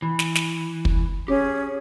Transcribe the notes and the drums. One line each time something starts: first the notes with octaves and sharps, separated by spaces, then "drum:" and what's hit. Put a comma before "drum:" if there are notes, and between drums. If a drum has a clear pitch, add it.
E3
drum: snare
drum: snare
drum: kick
C#4 G4 G#4